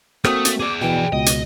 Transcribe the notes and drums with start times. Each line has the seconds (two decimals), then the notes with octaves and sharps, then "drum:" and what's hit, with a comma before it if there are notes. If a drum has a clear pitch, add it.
0.24 A3 A#3 C4 F#4 D#6, drum: rim click
0.45 drum: hi-hat
0.59 G#4 D5 D6
0.81 B2 E3 G5
1.13 C#2 B2 D#5
1.26 drum: hi-hat